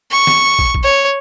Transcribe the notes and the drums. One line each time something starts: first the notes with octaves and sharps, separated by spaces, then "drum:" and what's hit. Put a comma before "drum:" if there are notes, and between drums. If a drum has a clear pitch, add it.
C#6
drum: snare
drum: kick
drum: kick
C#5